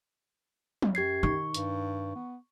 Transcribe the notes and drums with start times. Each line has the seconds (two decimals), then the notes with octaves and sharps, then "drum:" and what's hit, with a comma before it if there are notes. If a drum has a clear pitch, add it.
0.82 drum: tom
0.95 F#2 G4 G#6 C7
1.23 D#3 D#4 C#6
1.54 G2, drum: hi-hat
2.16 B3